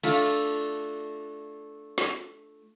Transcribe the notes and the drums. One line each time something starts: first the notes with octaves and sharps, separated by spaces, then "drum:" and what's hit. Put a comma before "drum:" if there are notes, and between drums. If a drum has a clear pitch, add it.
A3 D4 F4, drum: cymbal
drum: snare